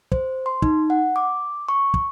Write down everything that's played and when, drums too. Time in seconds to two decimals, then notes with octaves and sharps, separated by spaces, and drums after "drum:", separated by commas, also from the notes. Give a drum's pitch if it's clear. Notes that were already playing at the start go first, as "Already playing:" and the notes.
0.12 C5, drum: kick
0.46 C6
0.62 D#4, drum: kick
0.90 F#5
1.16 D6
1.69 C#6
1.94 drum: kick